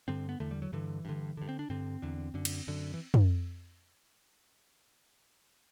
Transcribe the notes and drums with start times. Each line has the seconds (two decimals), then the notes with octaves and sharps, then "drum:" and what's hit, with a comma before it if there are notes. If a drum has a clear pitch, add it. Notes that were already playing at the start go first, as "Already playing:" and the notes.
0.08 G2 D3 C4
0.29 B3
0.40 E2 D3 A3
0.51 G3
0.62 F#3
0.72 G2 D3 E3
1.05 G2 D3
1.37 G2 D3
1.49 C4
1.59 D4
1.70 G2 D3 C4
2.02 E2 D3
2.34 F#2 D3
2.45 drum: cymbal
2.67 F#2 D3
2.94 E3
3.14 drum: tom